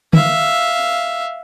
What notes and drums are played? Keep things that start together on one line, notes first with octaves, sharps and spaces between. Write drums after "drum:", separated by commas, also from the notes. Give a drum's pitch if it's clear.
E5 F5, drum: tom